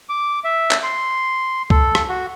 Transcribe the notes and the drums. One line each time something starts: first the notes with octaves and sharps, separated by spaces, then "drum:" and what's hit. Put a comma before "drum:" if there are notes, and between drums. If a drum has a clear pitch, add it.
D6
E5
drum: clap
C6
A4, drum: kick C2
drum: rim click
F#4